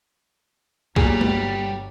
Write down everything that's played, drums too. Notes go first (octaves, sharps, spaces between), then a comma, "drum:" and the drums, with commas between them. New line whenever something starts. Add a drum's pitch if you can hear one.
G1 G2 A#2 F#3 G3 G#4, drum: kick B1
drum: tom